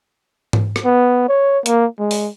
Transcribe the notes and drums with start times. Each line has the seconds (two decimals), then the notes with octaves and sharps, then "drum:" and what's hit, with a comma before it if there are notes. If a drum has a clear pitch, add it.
0.53 drum: tom G#2
0.76 drum: rim click
0.85 B3
1.28 C#5
1.66 A#3, drum: hi-hat
1.99 G#3
2.11 drum: open hi-hat